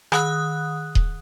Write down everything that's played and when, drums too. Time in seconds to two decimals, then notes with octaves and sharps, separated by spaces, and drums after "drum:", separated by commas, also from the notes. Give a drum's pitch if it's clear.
0.12 D#3 D#6 F#6, drum: rim click
0.95 drum: kick D#1